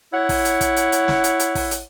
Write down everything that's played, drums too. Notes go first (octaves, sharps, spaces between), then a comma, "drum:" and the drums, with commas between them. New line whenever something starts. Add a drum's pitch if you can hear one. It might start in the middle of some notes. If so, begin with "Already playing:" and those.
E4 C#5 F#5
drum: kick, open hi-hat
drum: hi-hat
drum: kick, hi-hat
drum: hi-hat
drum: hi-hat
drum: snare
drum: hi-hat
drum: hi-hat
drum: kick, open hi-hat
drum: hi-hat